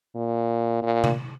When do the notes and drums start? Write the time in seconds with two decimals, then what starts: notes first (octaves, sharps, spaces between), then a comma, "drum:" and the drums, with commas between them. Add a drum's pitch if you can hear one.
0.16 A#2
0.82 A#2
1.04 drum: tom C3